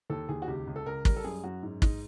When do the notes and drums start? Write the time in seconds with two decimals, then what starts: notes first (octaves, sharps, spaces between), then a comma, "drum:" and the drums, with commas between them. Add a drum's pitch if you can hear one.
0.10 D#2 A4
0.29 D#2 G#4
0.42 F#4
0.48 C#2 G4
0.67 C#2
0.76 A4
0.86 C#2 A#4
1.05 G3 A#4, drum: kick
1.16 A4
1.24 F#2 G#4
1.44 F#2 F#4
1.63 G#2
1.82 G#2 D#4, drum: kick